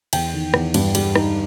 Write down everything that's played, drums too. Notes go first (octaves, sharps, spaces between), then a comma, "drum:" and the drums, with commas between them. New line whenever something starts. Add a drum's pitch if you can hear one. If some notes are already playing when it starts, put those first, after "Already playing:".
E2 G5, drum: cymbal
D#3
E2, drum: rim click
G2, drum: cymbal
G3, drum: cymbal
D#4, drum: rim click